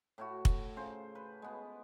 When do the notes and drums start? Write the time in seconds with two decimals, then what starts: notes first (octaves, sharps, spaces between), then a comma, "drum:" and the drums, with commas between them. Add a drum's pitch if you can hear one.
0.18 A2 E4 F#4
0.45 drum: kick
0.77 C#3 F4 C5
1.15 B4
1.42 G#3 B3